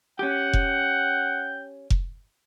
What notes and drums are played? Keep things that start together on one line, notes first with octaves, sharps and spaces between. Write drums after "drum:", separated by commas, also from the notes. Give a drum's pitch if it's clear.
C#4 G4 F#5 G5
drum: kick F1
drum: kick F1